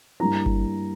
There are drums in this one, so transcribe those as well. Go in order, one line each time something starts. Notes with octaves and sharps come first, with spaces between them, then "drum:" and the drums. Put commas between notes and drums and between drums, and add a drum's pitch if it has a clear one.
G2 G3 A#3 E4 A#5
drum: kick G1